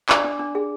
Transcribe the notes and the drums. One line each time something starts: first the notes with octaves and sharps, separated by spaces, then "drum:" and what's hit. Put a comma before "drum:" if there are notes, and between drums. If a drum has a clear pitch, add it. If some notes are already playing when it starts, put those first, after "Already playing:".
D4 D5 D6, drum: clap
D4
D4
G#4